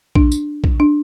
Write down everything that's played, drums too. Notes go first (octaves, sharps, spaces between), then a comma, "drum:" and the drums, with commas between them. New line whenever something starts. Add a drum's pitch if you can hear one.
D4, drum: kick A#1
drum: tambourine
drum: kick A#1
D4